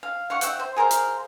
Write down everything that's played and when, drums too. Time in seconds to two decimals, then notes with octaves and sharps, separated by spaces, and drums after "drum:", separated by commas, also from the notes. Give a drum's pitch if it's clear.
0.03 F5
0.30 F5 F#5 C#6
0.41 E5 F#5 G5, drum: hi-hat
0.60 C5
0.76 G#4 A#4 C5 F5
0.91 drum: hi-hat